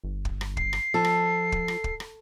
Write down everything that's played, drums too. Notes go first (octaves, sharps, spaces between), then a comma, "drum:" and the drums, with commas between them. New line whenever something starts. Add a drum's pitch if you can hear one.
G1
drum: kick
drum: rim click
C7, drum: kick
drum: rim click
F3 A4
drum: rim click
drum: kick
drum: rim click
drum: kick
drum: rim click